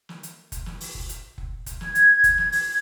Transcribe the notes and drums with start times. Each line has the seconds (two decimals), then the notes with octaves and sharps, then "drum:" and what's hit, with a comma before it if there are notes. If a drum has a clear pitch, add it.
0.09 drum: snare
0.23 drum: hi-hat
0.52 drum: kick F1, hi-hat
0.66 drum: snare
0.80 drum: open hi-hat
0.95 drum: kick F1
1.09 drum: hi-hat
1.38 drum: kick F1
1.66 drum: kick F1, hi-hat
1.81 G#6, drum: snare
1.95 drum: hi-hat
2.24 drum: kick F1, hi-hat
2.38 drum: snare
2.52 drum: open hi-hat